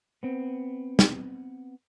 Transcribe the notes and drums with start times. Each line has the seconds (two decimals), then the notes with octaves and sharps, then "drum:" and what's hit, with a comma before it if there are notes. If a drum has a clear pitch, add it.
0.23 B3 C4
0.99 drum: snare